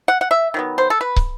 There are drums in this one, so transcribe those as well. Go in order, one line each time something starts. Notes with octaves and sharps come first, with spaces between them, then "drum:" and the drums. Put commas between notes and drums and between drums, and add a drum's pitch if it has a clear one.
F#5
F#5
E5
D#3 F#3 B3
C5
A4
B4
drum: kick